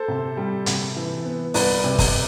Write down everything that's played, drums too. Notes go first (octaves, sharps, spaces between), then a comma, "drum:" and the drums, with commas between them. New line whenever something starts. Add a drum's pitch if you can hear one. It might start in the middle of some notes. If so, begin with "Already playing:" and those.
Already playing: A4 C5
C3
G3
C3, drum: hi-hat
E3
B3
C2 B4 D5, drum: open hi-hat
C3
drum: kick, open hi-hat